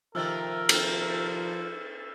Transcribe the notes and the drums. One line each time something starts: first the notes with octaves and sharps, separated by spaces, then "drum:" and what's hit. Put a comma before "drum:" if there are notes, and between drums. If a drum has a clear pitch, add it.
C3 D#3 F3 A3 A#4 E6 F6 A6
drum: cymbal